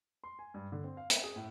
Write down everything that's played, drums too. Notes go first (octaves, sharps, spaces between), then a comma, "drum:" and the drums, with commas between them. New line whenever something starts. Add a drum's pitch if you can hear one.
C6
G#5
G2
D3
C4
F5
G5, drum: hi-hat
G#4
A2